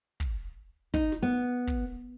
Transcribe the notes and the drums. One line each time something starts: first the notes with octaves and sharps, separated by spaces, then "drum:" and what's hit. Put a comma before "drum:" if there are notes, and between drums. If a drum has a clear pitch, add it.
drum: kick
D#4, drum: kick
drum: snare
B3
drum: kick